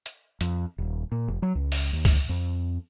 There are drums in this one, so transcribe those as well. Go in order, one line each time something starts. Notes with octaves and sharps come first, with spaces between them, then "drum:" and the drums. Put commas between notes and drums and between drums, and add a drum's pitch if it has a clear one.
drum: hi-hat
F2, drum: hi-hat
D#1
A#2
F1
F#3
C#2
drum: open hi-hat
D#2
drum: kick C#2, open hi-hat
F2